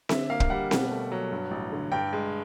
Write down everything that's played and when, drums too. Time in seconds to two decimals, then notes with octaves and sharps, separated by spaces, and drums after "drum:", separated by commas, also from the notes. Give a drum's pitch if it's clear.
0.09 D3 E5, drum: snare C4
0.30 A#3 F5
0.40 drum: kick
0.50 G3 F#5
0.71 B2, drum: snare C4
0.91 A3
1.12 F#3
1.32 G2
1.51 A1
1.72 D3
1.92 G2 G5
2.13 G#3